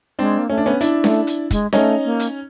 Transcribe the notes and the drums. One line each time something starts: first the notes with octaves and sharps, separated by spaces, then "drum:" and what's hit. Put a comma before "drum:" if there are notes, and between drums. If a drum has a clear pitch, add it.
G#3 C4 D4
A#3
A3 C#4
D4
B3 C#4
D4 E4, drum: hi-hat
A3, drum: snare C#4
drum: hi-hat
G#3, drum: kick, hi-hat
A3 C#4 D#4, drum: snare C#4
A#3
drum: hi-hat